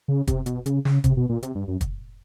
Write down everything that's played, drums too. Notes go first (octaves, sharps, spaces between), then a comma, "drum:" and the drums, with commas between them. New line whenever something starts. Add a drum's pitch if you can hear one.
C#3
C3, drum: kick, hi-hat
B2, drum: hi-hat
C#3, drum: hi-hat
C#3, drum: snare
C3, drum: kick, hi-hat
B2
A#2
C3, drum: hi-hat
G2
F#2
drum: kick, hi-hat